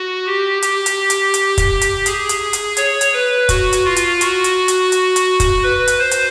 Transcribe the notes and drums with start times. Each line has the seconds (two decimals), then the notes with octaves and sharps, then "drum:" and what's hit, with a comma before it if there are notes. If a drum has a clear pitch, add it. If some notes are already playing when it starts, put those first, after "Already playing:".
Already playing: F#4
0.26 G4
0.62 G4, drum: hi-hat
0.86 drum: hi-hat
1.10 drum: hi-hat
1.34 drum: hi-hat
1.58 drum: kick, hi-hat
1.81 drum: hi-hat
2.06 G#4, drum: hi-hat
2.29 drum: hi-hat
2.53 drum: hi-hat
2.77 C#5, drum: hi-hat
3.01 drum: hi-hat
3.13 B4
3.49 F#4, drum: kick, hi-hat
3.73 drum: hi-hat
3.85 F4
3.96 drum: hi-hat
4.21 F#4, drum: hi-hat
4.44 drum: hi-hat
4.68 drum: hi-hat
4.92 drum: hi-hat
5.16 drum: hi-hat
5.40 drum: kick, hi-hat
5.63 B4
5.88 drum: hi-hat
5.99 C5
6.11 drum: hi-hat